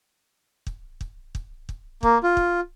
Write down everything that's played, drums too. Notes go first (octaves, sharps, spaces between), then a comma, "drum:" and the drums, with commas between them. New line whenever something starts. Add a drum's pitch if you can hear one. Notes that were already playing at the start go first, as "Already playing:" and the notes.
drum: kick
drum: kick
drum: kick
drum: kick
A#3, drum: kick
F4
drum: kick